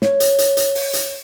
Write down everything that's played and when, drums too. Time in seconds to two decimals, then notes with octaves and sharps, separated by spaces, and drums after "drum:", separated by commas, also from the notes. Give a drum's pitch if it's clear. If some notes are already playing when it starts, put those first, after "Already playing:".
0.02 C#5, drum: snare
0.20 drum: hi-hat
0.38 drum: hi-hat
0.57 drum: hi-hat
0.75 drum: open hi-hat
0.93 drum: hi-hat